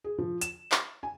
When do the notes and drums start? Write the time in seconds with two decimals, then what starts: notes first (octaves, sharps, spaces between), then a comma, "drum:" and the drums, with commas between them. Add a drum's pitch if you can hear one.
0.04 G#4
0.18 F3
0.41 E7, drum: hi-hat
0.72 drum: clap
1.03 G#5